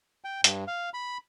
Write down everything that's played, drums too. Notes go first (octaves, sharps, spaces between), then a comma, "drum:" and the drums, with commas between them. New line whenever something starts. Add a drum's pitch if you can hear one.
G5
G2, drum: hi-hat
F5
B5